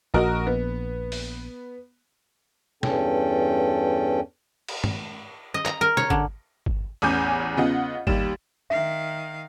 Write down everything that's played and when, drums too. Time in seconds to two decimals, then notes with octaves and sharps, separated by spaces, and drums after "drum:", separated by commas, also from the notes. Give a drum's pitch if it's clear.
0.14 A#1 F#4 A#4 D#5
0.47 B3
1.12 drum: open hi-hat
2.83 E2 G2 C#4 A4 G5, drum: snare
4.68 drum: cymbal
4.84 drum: tom
5.54 D#5
5.66 A#5, drum: clap
5.81 A#4
5.97 C#5, drum: snare
6.10 D3, drum: kick G#1
6.66 drum: kick G#1
7.02 A1 E2 C#4 G#5 D6 G6
7.57 C#3 B3 F4 D#5 F#5
8.07 D#2 G3 E7, drum: kick G#1
8.70 D#3 E5 F5